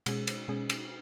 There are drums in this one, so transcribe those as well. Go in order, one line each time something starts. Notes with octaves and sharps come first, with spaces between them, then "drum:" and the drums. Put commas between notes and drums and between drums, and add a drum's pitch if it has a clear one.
B2 G#3 C#4 G#4, drum: cymbal
drum: cymbal
B2 G#3 C#4 G#4
drum: cymbal